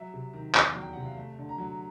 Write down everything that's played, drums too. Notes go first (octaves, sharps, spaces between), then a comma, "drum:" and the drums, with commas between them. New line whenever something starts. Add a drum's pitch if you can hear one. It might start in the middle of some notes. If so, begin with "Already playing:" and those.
Already playing: F#3 E5
C3
D#3
E2, drum: clap
F#3
G5
C3 F#5
F5
A3 E5
D3
A#5
F#3